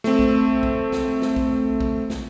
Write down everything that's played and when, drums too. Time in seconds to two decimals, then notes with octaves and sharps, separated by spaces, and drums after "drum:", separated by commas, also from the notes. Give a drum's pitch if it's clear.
0.04 A3 C4, drum: snare
0.19 drum: kick A#1
0.63 drum: kick A#1
0.92 drum: snare
1.22 drum: snare
1.36 drum: kick A#1
1.80 drum: kick A#1
2.10 drum: snare